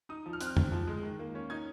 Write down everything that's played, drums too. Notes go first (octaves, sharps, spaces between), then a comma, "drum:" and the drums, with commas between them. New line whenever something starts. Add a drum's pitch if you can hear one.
D#4 D#6
F3
F6
C4 F#6, drum: hi-hat
F6
G#2, drum: tom F2
F3
G#3
D#3
A#3
C#4
D#4 G#6